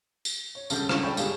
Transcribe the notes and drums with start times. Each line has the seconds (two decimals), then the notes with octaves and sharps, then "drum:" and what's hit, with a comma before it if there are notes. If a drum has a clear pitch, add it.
0.25 drum: tambourine
0.55 C#5
0.70 D2 G2 C#3 A4 G6, drum: tambourine
0.89 C#2 D3 C#6 E7, drum: rim click
1.03 A4 D5 G5 B5
1.17 G1 G3 G#4 F5, drum: tambourine